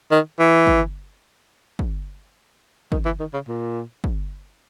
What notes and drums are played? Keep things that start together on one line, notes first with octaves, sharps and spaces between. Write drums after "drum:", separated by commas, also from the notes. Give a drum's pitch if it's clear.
D#3
E3
drum: kick
drum: kick
D#3, drum: kick
E3
D#3
C#3
A#2
drum: kick